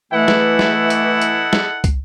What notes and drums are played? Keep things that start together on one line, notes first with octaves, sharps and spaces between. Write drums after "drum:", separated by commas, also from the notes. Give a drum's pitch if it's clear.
E3 A3 E4 A4 D#5 F#5
drum: snare
drum: snare
drum: hi-hat
drum: hi-hat
drum: snare
drum: kick, hi-hat